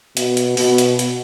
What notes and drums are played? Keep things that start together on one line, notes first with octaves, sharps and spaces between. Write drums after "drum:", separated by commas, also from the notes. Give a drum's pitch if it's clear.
B2, drum: hi-hat
drum: hi-hat
B2, drum: open hi-hat
drum: hi-hat
drum: hi-hat